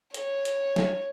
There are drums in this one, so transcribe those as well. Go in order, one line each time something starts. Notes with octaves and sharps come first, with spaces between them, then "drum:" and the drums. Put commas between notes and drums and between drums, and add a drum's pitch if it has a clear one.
C#5, drum: hi-hat
drum: hi-hat
drum: snare